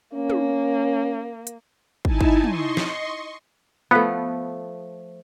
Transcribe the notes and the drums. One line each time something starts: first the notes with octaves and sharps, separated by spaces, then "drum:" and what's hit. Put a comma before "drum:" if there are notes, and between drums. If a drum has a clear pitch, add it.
A#3 C#4
drum: tom
drum: hi-hat
D#4 E4 G#5 A5, drum: kick
drum: kick
D#5 C6 C#6, drum: tom
drum: snare
F3 A3 B3